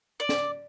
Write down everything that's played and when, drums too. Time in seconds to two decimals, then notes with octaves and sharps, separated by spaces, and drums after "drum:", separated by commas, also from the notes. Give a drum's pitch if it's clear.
0.20 D5
0.29 drum: snare